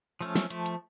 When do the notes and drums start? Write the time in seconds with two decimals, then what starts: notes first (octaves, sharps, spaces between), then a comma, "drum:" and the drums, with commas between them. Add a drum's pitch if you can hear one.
0.21 F3 A3 C#4
0.36 drum: snare
0.50 F3 A3, drum: hi-hat
0.66 drum: hi-hat